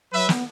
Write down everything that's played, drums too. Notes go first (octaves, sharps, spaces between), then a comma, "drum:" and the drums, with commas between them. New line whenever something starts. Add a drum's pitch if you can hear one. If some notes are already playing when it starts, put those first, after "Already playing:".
F#3 B4 E5
B3, drum: snare